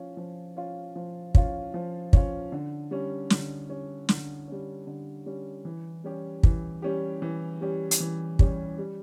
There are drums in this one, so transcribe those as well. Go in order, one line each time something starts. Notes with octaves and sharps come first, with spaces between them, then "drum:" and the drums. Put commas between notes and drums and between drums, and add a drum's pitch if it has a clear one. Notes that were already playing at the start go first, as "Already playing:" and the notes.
Already playing: F3 C#4 F4
F3
C#4 F4
F3
C#4 F4, drum: kick
F3
C#4 F4, drum: kick
D3
G3 C#4
D3, drum: snare
G3 C#4
D3, drum: snare
G3 C#4
D3
G3 C#4
E3
G3 C#4 G4
E3, drum: kick
G3 C#4 G4
E3
G3 C#4 G4
drum: hi-hat
E3
G3 C#4 G4, drum: kick
G3